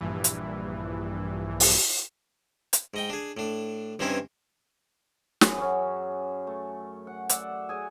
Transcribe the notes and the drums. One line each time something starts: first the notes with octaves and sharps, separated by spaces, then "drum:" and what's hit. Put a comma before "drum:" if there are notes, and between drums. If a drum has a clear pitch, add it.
A#1 G2 E3
drum: hi-hat
drum: open hi-hat
drum: hi-hat
G#2 D#5 G5
D4 G#4
A2 D4
G2 E3 C4 C#4 D#4 E4
F#2 G#4, drum: snare
F#3 C#4
A3
F#5
D5 E5 F#5, drum: hi-hat
G#4 G#5